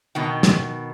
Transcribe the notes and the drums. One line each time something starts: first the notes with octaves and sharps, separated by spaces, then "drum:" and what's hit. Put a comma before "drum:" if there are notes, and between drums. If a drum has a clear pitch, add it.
B2 D#3 G5
drum: snare